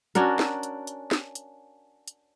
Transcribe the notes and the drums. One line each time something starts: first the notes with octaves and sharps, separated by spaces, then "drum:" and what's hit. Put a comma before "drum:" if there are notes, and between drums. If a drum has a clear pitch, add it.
C#4 D4 F#4 A#4, drum: hi-hat
drum: snare
drum: hi-hat
drum: hi-hat
drum: snare
drum: hi-hat
drum: hi-hat